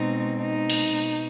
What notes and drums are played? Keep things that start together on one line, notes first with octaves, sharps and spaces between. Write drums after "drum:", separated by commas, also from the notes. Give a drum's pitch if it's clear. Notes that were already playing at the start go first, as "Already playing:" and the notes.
Already playing: B2 G#3 C4 D#4
D#4
drum: cymbal
B2, drum: tambourine